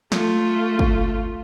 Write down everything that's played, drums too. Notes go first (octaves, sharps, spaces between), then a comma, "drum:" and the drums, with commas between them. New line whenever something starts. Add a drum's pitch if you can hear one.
A3 F4, drum: snare
drum: kick